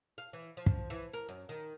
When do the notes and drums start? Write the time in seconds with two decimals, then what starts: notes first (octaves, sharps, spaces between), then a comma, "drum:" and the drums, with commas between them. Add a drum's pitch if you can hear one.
0.18 F5
0.33 E3
0.57 F3
0.66 drum: kick
0.90 E3
1.13 A#4
1.29 F#2
1.49 D#3